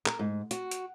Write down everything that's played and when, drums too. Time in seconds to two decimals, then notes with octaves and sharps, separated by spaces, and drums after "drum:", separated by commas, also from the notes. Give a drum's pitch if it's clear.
0.06 A#4, drum: clap
0.19 G#2
0.51 F#4, drum: hi-hat
0.71 drum: hi-hat